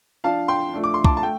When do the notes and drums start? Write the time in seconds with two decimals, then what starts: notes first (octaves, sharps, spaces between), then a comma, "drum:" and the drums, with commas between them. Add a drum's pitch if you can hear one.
0.24 F3 D4 F5 A5
0.48 G5 C6
0.74 F3 A3 D4
0.84 D6
0.94 C6
1.04 A5 D6, drum: kick
1.17 A5
1.23 A3 G5